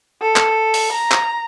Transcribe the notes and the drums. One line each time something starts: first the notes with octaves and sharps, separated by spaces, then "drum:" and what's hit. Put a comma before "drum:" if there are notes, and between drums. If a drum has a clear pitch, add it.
A4
drum: clap
drum: open hi-hat
A#5
drum: clap